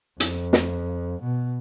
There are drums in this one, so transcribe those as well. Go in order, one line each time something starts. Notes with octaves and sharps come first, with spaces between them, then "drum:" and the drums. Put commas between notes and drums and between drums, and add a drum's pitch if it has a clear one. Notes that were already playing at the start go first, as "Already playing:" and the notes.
F2, drum: hi-hat
drum: snare
B2